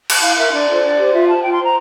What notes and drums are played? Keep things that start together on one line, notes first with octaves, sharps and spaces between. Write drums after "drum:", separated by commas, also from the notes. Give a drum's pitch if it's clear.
drum: cymbal
E4 F5
A#4 E5
D4 D5
F4 A4 C5
D4
G4 C5
F4 E5
C5 A5
F4 G5
C6
C5
A#5